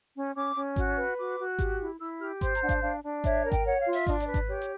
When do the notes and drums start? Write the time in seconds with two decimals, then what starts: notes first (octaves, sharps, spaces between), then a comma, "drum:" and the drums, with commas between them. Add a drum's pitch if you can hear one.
0.14 C#4
0.35 C#4 D6
0.56 C#4
0.76 F#4, drum: kick G#1, hi-hat
0.97 B4
1.17 F#4 D6
1.38 F#4
1.59 G4, drum: kick G#1, hi-hat
1.80 E4
2.00 E4 E6
2.21 G4 F6
2.41 C5 C6, drum: kick G#1, hi-hat
2.55 A#5, drum: hi-hat
2.62 D4 F#5
2.69 F5, drum: kick G#1, hi-hat
2.82 D4 F5
3.03 D4
3.24 C#5 E5, drum: kick G#1, hi-hat
3.45 A#4
3.52 G5, drum: kick G#1, hi-hat
3.65 C#5 F#5
3.79 F5
3.86 F4
3.93 E5, drum: open hi-hat
4.07 D4 D#5, drum: kick G#1, hi-hat
4.20 D5, drum: hi-hat
4.27 B4
4.34 D5, drum: kick G#1, hi-hat
4.48 G4 C#5
4.62 drum: hi-hat